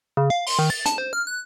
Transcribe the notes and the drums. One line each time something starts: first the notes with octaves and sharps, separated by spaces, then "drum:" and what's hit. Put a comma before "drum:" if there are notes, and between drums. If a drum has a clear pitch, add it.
C#3
F5
C6, drum: open hi-hat
D#3
A6
A5, drum: hi-hat
C5
F6
F#6